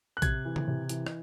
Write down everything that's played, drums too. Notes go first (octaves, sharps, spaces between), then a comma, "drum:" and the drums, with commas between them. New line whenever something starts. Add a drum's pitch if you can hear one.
F#6
C3 G#6, drum: kick A#1, hi-hat
E3
drum: tom C#3
C3
E3, drum: hi-hat
drum: rim click